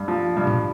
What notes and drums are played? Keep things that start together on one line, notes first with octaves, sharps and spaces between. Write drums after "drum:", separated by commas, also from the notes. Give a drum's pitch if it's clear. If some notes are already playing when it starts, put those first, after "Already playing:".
Already playing: G2
F3
G2
drum: tom